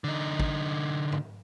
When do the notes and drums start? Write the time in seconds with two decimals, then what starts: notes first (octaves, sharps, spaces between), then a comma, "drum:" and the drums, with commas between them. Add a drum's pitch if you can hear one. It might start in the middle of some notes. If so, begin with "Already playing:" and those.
0.04 D3 D#4
0.40 drum: kick
1.12 drum: tom G#2